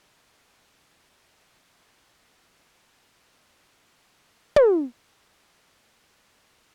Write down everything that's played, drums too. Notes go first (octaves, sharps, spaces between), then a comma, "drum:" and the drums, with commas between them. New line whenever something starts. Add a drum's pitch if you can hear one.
F2 F3 F#4
D#2 F#3 A3 F#5
A3 G#4 C5
G2 B2 A3 A#3 C4 D4 D#4
F#2 C#3 E3
E1 A1 G2 D#3
drum: tom
D4 A#4 G6
G2 D3 F3 F#3